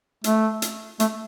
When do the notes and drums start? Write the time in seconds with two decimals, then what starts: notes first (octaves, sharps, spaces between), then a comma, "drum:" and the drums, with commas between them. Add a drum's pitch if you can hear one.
0.24 A3, drum: hi-hat
0.62 drum: hi-hat
1.00 A3, drum: hi-hat